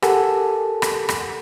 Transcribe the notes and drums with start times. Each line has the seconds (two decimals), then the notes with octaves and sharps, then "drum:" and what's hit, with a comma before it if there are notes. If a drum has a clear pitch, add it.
0.02 G4 A4 A#4 F#5 G#5 A5, drum: rim click
0.82 drum: rim click
1.09 drum: rim click